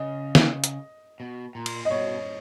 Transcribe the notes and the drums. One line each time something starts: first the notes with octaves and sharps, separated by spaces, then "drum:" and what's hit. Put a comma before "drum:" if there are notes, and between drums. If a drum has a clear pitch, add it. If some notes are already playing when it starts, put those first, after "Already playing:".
Already playing: C#3 D#5
drum: snare
drum: hi-hat
B2
A#2
drum: cymbal
D#5
B2 C#5